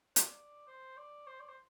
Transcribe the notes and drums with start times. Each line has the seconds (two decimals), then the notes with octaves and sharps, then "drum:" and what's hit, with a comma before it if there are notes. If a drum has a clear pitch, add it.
0.16 C5, drum: hi-hat
0.23 D5
0.67 C5
0.97 D5
1.27 C5
1.40 D5
1.48 C5